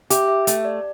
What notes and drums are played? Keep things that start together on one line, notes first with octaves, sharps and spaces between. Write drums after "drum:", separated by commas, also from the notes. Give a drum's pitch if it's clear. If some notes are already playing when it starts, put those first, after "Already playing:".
G4 E5, drum: hi-hat
E5
A3, drum: hi-hat
D5